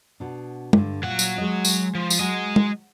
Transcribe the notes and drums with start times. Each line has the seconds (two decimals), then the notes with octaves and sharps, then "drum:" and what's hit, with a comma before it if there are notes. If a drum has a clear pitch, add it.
0.20 B2 D4
0.73 G2 D3, drum: tom
1.03 A#2 F#3 F#5
1.19 drum: tambourine
1.38 G#3 D#5
1.65 drum: tambourine
1.95 F3
2.10 drum: tambourine
2.19 F#3 G#3 D#5
2.56 drum: tom